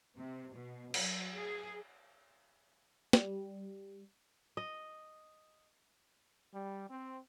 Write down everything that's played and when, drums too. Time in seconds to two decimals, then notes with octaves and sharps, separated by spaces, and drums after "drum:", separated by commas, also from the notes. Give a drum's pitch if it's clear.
0.18 C3
0.55 B2
0.94 F#3, drum: cymbal
1.36 G#4
3.13 G3, drum: snare
4.57 D#5
6.54 G3
6.89 C4